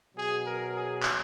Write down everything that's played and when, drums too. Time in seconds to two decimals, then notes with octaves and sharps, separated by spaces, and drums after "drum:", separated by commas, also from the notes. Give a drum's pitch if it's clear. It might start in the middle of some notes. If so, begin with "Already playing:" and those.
0.15 B2 F#3 G#4
0.44 A#4
0.74 G#4
1.03 drum: clap